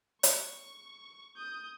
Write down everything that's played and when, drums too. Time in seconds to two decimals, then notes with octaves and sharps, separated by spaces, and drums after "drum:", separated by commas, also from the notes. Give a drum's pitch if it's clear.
0.23 C#6, drum: hi-hat
1.37 D#6 G6